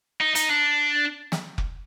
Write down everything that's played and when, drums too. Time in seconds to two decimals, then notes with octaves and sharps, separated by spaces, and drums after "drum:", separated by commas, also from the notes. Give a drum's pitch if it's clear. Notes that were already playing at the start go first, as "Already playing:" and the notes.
0.21 D#4
0.35 D#4, drum: hi-hat
0.50 D4
1.32 drum: snare
1.58 drum: kick F1